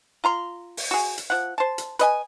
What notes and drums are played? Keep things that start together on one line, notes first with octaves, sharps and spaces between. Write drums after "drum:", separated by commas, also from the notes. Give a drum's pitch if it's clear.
F4 A#5 C6
drum: open hi-hat
F#4 G#4
drum: hi-hat
F3 F#5
C5 A5
drum: hi-hat
B4 D#5 G#5, drum: hi-hat